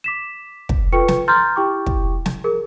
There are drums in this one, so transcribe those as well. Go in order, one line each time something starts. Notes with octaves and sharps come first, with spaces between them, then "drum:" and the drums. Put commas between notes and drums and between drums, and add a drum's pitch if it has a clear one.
D6 B6 E7
drum: kick
F4 A4 B4 G5 C#6 C#7
drum: snare
A#5 C6 F6 G6 A6
E4 G4 G5 C#6 D6
drum: kick
drum: snare
G#4 A#4